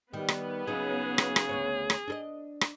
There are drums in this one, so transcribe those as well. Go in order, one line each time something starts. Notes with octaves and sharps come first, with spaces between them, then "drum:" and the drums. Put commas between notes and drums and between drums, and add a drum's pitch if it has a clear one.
D#3 G3 B3
drum: rim click
C#3 F#3 D#4 G#4
drum: rim click
drum: rim click
D2 B2 C#5
drum: rim click
D4 A4 D#5
drum: rim click